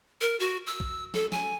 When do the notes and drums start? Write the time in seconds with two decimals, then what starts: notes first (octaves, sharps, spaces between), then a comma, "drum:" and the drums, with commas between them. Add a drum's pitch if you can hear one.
0.21 A#4
0.40 F#4
0.67 E6
0.80 drum: kick
1.14 A4, drum: snare
1.32 G#5, drum: snare